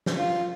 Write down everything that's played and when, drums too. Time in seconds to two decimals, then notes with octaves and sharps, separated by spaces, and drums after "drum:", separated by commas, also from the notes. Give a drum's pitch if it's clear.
0.06 drum: snare
0.17 F4